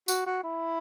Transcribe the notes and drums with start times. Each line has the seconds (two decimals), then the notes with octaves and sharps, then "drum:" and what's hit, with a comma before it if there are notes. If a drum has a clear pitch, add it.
0.08 F#4, drum: tambourine
0.26 F#4
0.43 E4